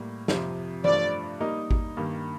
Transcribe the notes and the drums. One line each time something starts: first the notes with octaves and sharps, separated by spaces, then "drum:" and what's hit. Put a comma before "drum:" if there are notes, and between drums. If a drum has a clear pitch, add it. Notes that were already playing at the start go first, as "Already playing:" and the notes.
Already playing: A2 G3 A#3
F2 C3 F3, drum: snare
G2 F3 A3 D4 D5, drum: tom E3
G3 A#3 D#4 A#4 D#5
drum: kick G#1
G2 D#3 A#3